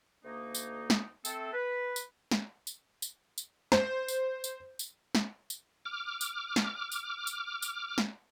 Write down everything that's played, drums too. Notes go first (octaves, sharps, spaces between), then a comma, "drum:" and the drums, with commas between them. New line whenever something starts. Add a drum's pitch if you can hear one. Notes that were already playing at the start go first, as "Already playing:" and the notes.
D2 A#3 D#4
drum: tambourine
drum: snare
A3 C4 A4, drum: tambourine
B4
drum: tambourine
drum: snare
drum: tambourine
drum: tambourine
drum: tambourine
C5, drum: snare
drum: tambourine
drum: tambourine
drum: tambourine
drum: snare
drum: tambourine
D6 F6
drum: tambourine
drum: snare
drum: tambourine
drum: tambourine
drum: tambourine
drum: snare